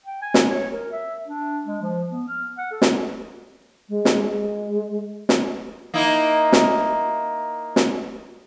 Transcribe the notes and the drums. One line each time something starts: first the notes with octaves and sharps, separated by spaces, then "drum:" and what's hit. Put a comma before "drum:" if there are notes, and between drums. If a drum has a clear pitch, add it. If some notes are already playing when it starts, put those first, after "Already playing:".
G5
G#5
drum: snare
C#5
A#4
E5
D4
G#3
F3
B3
F6
F#5
A4
drum: snare
G#3
drum: snare
G#3
drum: snare
A#3 D#4 E4
drum: snare
drum: snare